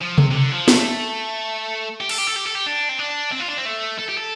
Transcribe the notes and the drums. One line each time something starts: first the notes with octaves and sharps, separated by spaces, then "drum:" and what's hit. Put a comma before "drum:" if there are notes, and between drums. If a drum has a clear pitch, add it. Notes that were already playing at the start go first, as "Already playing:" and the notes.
F3
C3, drum: tom C3
C3
D3
F3
A3, drum: snare
G4
A4, drum: cymbal
G4
A4
G4
A4
G4
D4
C4
D4
C4
F4
D4
C4
A3
A4
G4
A4